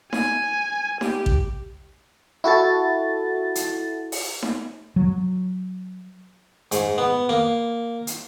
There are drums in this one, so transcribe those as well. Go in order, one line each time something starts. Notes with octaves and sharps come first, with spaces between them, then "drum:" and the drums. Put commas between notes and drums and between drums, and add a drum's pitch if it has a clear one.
G#5, drum: snare D#4
G4, drum: snare D#4
drum: kick
E4 F#4 A4 A6
drum: hi-hat
drum: open hi-hat
drum: snare D#4
F#3
G#2, drum: hi-hat
B3
A#3
drum: hi-hat